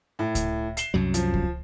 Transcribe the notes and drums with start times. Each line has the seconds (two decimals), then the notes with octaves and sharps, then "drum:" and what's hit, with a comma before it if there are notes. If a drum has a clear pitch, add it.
0.19 A2
0.35 drum: kick C#2, hi-hat
0.77 C7 E7 G7, drum: hi-hat
0.94 C2 F#2 F#3
1.14 F3, drum: hi-hat
1.34 drum: kick C#2